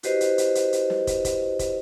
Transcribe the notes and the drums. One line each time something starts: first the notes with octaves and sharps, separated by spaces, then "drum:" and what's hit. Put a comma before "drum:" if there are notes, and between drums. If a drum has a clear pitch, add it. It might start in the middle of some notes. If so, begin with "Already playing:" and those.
E4 F#4 G4 B4 C5 D#5, drum: hi-hat
drum: hi-hat
drum: hi-hat
drum: hi-hat
drum: hi-hat
drum: snare
drum: kick, hi-hat
drum: kick, hi-hat
drum: kick, hi-hat